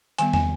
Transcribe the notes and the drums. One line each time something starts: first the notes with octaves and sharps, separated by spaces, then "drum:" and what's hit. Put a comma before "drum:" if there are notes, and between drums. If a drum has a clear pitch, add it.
D#3 G3 B3 G#5, drum: hi-hat
G#5, drum: tom